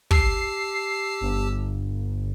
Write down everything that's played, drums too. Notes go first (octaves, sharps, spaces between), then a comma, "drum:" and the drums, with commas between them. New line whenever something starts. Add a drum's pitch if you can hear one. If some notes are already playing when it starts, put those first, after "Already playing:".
G4 A5 E6 C7, drum: kick
G1